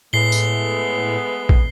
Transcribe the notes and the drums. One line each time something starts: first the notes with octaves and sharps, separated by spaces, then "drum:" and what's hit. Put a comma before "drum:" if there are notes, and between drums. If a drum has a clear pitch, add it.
A2 G#3 A3 B3 C7 G7
drum: tambourine
drum: kick